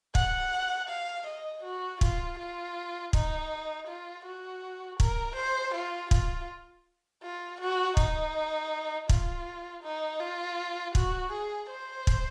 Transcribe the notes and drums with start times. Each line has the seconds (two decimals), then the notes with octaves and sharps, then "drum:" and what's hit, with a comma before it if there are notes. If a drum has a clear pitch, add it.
0.15 F#5, drum: kick
0.89 F5
1.27 D#5
1.64 F#4
2.01 F4, drum: kick
2.39 F4
3.13 D#4, drum: kick
3.87 F4
4.26 F#4
5.00 A#4, drum: kick
5.36 C5
5.74 F4
6.11 F4, drum: kick
7.23 F4
7.61 F#4
7.97 D#4, drum: kick
9.09 F4, drum: kick
9.83 D#4
10.20 F4
10.95 F#4, drum: kick
11.32 G#4
11.70 C5
12.07 drum: kick